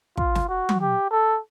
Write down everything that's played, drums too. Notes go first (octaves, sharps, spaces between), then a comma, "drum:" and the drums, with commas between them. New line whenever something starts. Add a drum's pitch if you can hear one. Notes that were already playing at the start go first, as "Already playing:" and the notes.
F4, drum: kick
drum: snare
F#4
drum: tom F#3
G4
A4